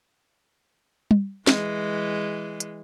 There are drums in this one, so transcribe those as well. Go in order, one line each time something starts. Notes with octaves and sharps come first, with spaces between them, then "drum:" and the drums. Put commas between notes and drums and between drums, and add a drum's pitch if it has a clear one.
drum: tom G3
E3 G#3, drum: snare
drum: hi-hat